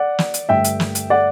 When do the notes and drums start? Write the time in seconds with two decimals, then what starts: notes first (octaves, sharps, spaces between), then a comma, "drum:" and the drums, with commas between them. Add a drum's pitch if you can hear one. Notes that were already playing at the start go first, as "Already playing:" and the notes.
Already playing: D5 F#5
0.19 drum: snare
0.34 drum: hi-hat
0.49 G2 D3 A3 E5 G5
0.64 drum: hi-hat
0.80 drum: snare
0.95 drum: hi-hat
1.10 D5 F#5